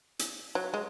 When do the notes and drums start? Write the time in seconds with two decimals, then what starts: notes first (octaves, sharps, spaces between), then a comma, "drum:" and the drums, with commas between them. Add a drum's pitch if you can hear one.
0.19 drum: hi-hat
0.55 F#3
0.74 G#3